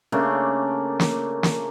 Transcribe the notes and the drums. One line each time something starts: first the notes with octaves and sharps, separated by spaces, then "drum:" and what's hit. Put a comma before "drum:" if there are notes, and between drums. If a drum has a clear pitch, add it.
C#3 A3 A#3 D4
drum: snare
drum: snare